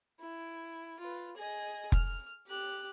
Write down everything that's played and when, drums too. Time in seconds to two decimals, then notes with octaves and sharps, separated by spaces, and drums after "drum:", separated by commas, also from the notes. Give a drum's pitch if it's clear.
0.20 E4
0.99 F4 B4
1.37 G#4 D#5
1.92 F6, drum: kick F1
2.47 G4 F#6